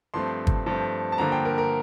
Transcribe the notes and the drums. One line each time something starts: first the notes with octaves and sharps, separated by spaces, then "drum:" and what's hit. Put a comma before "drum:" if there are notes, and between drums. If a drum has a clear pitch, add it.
G2 F3 A3 C4 C6
drum: kick
G2 F3 A3 C4
A5
G2 D3 F3 A#3 A#5
G5
A#4
A#4